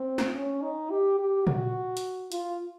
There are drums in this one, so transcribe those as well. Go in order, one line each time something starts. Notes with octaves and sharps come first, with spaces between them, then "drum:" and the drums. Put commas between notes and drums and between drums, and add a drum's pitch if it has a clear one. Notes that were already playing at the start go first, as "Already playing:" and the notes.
Already playing: C4
drum: snare
C#4
D#4
G4
G4
F#4, drum: tom
drum: hi-hat
F4, drum: hi-hat